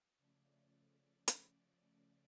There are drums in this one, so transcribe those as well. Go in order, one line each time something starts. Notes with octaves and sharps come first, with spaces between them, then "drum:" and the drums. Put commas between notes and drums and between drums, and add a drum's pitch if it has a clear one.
C#3 F3 A3 C#4 D5
drum: hi-hat